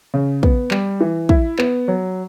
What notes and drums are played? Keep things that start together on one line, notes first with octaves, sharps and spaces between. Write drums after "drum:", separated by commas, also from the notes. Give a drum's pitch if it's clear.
C#3
B3, drum: kick
G3, drum: clap
E3
E4, drum: kick
B3, drum: clap
F#3